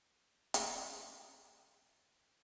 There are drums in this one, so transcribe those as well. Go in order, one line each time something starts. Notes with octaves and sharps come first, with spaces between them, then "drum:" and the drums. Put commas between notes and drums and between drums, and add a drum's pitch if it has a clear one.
F#2 G3 B5 B6
drum: hi-hat